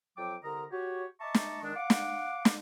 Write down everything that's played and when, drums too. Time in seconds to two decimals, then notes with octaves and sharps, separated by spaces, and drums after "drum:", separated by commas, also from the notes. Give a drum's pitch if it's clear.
0.17 F2 F#3 G5 D6
0.43 C2 D3 A#4 D#5 A#5
0.71 F#4 G4 C#5
1.21 D#5 E5 A5 A#5 C#6 D6
1.34 drum: snare
1.62 D#3 G#3 D4
1.75 F5 F#5 D6
1.90 drum: snare
2.45 drum: snare